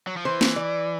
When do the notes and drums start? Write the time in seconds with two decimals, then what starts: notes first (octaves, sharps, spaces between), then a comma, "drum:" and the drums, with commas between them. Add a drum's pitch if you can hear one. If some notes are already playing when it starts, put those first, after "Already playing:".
0.07 F#3
0.17 F3
0.25 E3 C5
0.41 drum: snare
0.56 D5